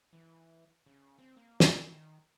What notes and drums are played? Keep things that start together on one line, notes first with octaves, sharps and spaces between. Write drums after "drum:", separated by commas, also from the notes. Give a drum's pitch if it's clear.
E3
C#3
C4
A#3
drum: snare
C3
D#3